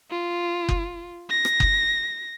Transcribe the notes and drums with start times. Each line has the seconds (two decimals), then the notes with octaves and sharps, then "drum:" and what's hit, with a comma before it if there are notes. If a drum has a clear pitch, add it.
0.11 F4
0.69 drum: kick F#1
1.30 A#6
1.45 drum: rim click
1.60 drum: kick F#1